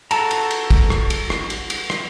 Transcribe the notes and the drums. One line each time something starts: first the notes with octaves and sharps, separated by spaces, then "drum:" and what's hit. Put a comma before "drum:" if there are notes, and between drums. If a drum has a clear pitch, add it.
F#4 A4 A5 A#5, drum: cymbal
drum: cymbal
drum: cymbal
drum: kick, cymbal
drum: rim click
drum: cymbal
drum: rim click
drum: cymbal
drum: cymbal
drum: rim click